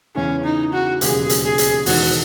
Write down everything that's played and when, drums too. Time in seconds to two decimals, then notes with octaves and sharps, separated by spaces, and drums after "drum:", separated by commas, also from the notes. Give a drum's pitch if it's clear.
0.15 E2 C#3 E3 C#4
0.44 D#4
0.73 F#4
1.01 E1 D#2 C#3 F#3 G#4, drum: hi-hat
1.29 drum: hi-hat
1.44 G#4
1.58 drum: hi-hat
1.86 E1 E2 D#3 G#3 D#4 F#4, drum: open hi-hat